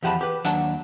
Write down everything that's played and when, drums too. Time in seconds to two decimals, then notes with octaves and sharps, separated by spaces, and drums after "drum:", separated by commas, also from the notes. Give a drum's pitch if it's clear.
0.03 E2 F3 G4 F#5 A5 B5
0.21 G4 B4
0.45 D#2 F#3 D4 F#5 A5, drum: hi-hat